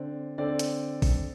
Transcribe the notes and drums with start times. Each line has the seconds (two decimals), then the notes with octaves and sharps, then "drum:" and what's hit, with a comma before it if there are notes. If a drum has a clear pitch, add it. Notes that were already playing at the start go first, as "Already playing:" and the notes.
Already playing: D3 C4 D5
0.38 D3 C4 A4 D5
0.59 drum: hi-hat
1.02 drum: kick A1, open hi-hat